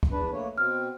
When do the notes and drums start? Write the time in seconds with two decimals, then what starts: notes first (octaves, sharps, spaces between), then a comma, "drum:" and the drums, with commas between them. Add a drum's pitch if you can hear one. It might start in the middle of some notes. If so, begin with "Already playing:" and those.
0.03 drum: kick
0.12 E2 D4 B4
0.32 A3 A#3 C#5
0.58 B2 C4 F6